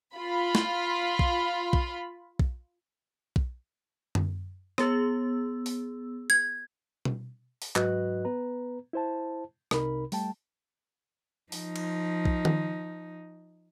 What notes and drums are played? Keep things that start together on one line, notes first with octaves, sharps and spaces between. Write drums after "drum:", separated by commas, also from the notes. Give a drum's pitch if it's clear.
F4 B5
drum: snare
drum: kick
drum: kick
drum: kick
drum: kick
drum: tom F#2
B3 G#4 E6, drum: rim click
drum: open hi-hat
G#6
drum: tom B2
drum: open hi-hat
G#2 F#3 F#4 B4 D#5 F#6, drum: clap
B3 B4 A#5
E4 C5 A5
C2 C3 D#4 A#4 B5, drum: rim click
G3 A3 G5 A5, drum: open hi-hat
F3 D#4, drum: open hi-hat
drum: cymbal
drum: kick
drum: tom D#3